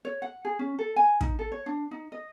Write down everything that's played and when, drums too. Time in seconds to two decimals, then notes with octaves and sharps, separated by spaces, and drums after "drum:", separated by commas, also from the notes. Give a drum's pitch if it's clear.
0.05 C#5
0.22 F#5
0.45 G#4
0.59 C#4
0.79 A4
0.96 G#5
1.21 D#4, drum: kick
1.39 A4
1.52 C#5
1.66 D4
1.91 D#4
2.12 D#5